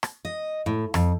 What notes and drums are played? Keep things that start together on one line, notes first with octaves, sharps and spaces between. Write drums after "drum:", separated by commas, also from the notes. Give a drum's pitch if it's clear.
drum: rim click
D#5
A2
F2, drum: rim click